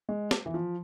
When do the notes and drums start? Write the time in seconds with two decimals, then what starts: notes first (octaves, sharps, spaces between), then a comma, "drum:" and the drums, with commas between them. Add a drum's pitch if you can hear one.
0.09 G#3
0.31 drum: snare
0.46 E3
0.54 F3